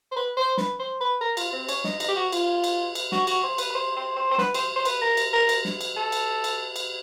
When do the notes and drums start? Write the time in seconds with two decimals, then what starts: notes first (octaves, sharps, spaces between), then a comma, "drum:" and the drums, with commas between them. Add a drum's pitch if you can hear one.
0.12 C5
0.16 B4
0.37 C5
0.57 B4, drum: snare
0.79 C5
1.00 B4
1.21 A#4
1.37 F4, drum: cymbal
1.53 C4
1.69 C#4, drum: cymbal
1.84 D#4, drum: snare
2.00 D#4, drum: cymbal
2.08 G4
2.16 F#4
2.32 F4, drum: cymbal
2.64 drum: cymbal
2.95 drum: cymbal
3.12 F#4, drum: snare
3.27 F#4, drum: cymbal
3.43 C5
3.58 B4, drum: cymbal
3.70 B4
3.75 C5
3.96 C5
4.16 C5
4.31 C5
4.38 B4, drum: snare
4.54 C5, drum: cymbal
4.76 C5
4.85 B4, drum: cymbal
5.01 A#4
5.17 drum: cymbal
5.33 A#4
5.49 drum: cymbal
5.65 drum: snare
5.81 drum: cymbal
5.96 A4
6.12 drum: cymbal
6.44 drum: cymbal
6.76 drum: cymbal